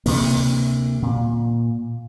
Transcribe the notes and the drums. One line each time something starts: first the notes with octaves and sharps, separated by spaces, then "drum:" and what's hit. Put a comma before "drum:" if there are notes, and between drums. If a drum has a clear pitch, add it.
D2 C3 A#3, drum: open hi-hat
A#2